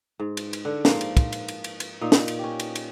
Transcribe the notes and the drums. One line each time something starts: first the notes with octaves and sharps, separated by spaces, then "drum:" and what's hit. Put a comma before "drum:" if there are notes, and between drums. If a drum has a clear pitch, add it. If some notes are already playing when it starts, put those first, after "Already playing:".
G#2
drum: cymbal
drum: cymbal
D3
G#2 F3 A#3 F4, drum: snare
drum: cymbal
drum: kick, cymbal
drum: cymbal
drum: cymbal
drum: cymbal
drum: cymbal
A#2 D#4
drum: snare
drum: cymbal
C#4 G4
drum: cymbal
drum: cymbal